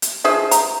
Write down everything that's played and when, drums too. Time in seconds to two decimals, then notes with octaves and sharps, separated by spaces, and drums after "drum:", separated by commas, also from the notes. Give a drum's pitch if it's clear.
0.02 drum: hi-hat
0.24 F3 G#4 E5
0.51 A#5, drum: hi-hat